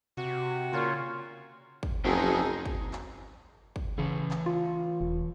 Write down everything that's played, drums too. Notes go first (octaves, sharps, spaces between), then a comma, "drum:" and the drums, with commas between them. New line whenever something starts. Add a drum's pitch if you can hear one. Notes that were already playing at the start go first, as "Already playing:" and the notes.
C3 F#4
A#2 C#3 F4 C#5
drum: kick
F#1 F2 C4 D#4 F#4 G#4
drum: kick
drum: clap
drum: kick
C#3 E3 C#5
drum: clap
F4
E1